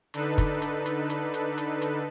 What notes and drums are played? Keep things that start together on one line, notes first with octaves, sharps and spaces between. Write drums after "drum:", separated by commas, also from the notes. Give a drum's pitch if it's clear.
D3 D4 D#4 A4 B4, drum: hi-hat
drum: kick, hi-hat
drum: hi-hat
drum: hi-hat
drum: hi-hat
drum: hi-hat
drum: hi-hat
drum: hi-hat